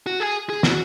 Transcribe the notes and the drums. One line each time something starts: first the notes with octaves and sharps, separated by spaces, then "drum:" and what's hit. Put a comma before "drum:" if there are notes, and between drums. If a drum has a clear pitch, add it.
F#4
G#4
G#4
F#4, drum: snare